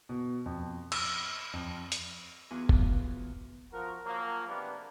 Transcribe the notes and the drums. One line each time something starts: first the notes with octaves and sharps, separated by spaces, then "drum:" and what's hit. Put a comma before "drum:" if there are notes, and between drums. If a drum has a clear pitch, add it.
B2
F2
E6, drum: cymbal
F2
drum: hi-hat
E2 F4 F#4 G#5 D6
drum: kick F#1
F3 F#4 A#4
F3 F#3 A#3
C3 G#3 A#3 B3 D4 G4